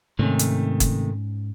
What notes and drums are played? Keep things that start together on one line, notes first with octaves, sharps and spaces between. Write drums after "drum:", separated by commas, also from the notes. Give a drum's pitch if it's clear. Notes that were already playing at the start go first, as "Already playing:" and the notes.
G#2 C3 D#3 A3 C4 C#4
drum: hi-hat
drum: kick, hi-hat